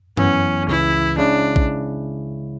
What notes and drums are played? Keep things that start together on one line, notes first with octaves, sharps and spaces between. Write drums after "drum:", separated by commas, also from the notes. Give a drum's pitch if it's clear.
F#2 E3 B3 C#4, drum: tom G2
C#2 C#3 E3 E4
C#3 G#3 C#4 D4 E4
drum: kick A#1